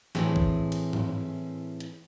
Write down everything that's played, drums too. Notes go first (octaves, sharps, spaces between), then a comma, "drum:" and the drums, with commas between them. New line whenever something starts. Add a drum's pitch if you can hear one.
A2 E3 C4 E4 G#4 C#5, drum: snare
drum: kick
drum: cymbal
drum: tom
drum: hi-hat